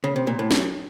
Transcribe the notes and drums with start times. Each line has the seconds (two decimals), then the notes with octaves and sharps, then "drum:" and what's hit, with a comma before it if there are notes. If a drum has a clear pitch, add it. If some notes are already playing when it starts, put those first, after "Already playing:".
0.04 C#3
0.16 C3
0.27 A#2
0.39 A2
0.51 F#2, drum: snare